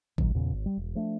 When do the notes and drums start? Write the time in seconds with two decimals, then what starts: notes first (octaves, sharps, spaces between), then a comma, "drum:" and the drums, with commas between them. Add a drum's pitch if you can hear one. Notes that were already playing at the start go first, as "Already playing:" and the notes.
0.18 C#2 A#2 D#3 F#3, drum: kick G#1
0.34 E2 A#2 C#3
0.53 G#1
0.66 G3
0.77 E1
0.95 F3 A3 D4